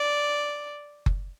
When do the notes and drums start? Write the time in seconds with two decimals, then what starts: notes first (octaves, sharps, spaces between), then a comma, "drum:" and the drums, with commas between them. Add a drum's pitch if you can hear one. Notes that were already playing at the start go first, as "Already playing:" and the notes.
Already playing: D5
1.06 drum: kick F#1